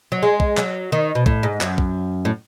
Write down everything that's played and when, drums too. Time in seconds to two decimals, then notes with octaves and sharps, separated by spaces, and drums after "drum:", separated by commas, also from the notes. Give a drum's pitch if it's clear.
0.12 F#3
0.23 G#3
0.40 drum: kick
0.57 F#3, drum: clap
0.92 D#3
1.15 B2
1.26 A2, drum: kick
1.43 G#2
1.61 F#2, drum: clap
1.78 drum: kick
2.25 A2